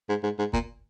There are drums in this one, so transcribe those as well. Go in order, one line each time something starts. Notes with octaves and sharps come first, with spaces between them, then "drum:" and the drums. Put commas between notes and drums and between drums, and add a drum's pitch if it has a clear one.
G#2
G#2
G#2
A#2, drum: kick